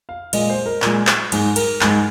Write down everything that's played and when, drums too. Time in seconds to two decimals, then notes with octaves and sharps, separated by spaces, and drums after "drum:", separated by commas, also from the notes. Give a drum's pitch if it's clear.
0.09 F5
0.33 A#2 G#3 D#5, drum: cymbal
0.50 C5
0.66 A#4
0.82 A#2 G#3, drum: clap
1.07 drum: clap
1.32 G#2 G#3, drum: cymbal
1.56 A#4, drum: cymbal
1.81 G#2 G#3, drum: clap